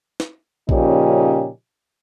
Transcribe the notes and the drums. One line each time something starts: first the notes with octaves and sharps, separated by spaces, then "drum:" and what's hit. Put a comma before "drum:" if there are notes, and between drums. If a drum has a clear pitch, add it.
drum: snare
A#2 C#3 F3 C#4 D#4 G4, drum: kick A#1